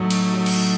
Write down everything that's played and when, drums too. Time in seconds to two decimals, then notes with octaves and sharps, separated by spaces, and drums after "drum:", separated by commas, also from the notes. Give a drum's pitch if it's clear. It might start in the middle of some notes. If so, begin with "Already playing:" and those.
Already playing: A2 F#3 A3 D#4
0.10 drum: cymbal
0.36 F#3
0.46 drum: cymbal